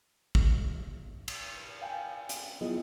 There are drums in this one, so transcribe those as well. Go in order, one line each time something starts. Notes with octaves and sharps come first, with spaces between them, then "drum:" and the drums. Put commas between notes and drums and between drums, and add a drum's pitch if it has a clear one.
drum: kick
drum: cymbal
F5 G5 G#5
drum: hi-hat
F#3 B3 E4 F4 G#4 D#5